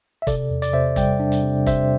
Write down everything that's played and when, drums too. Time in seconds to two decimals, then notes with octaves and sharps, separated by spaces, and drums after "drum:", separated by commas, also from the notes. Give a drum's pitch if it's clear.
0.22 E5
0.27 C3 A4 D5, drum: kick F1, hi-hat
0.50 E2
0.62 D5, drum: hi-hat
0.73 C3 C5 E5
0.96 G3 D5 G5, drum: kick F1, hi-hat
1.20 D4
1.32 drum: hi-hat
1.43 C3
1.66 C3 C5 E5, drum: kick F1, hi-hat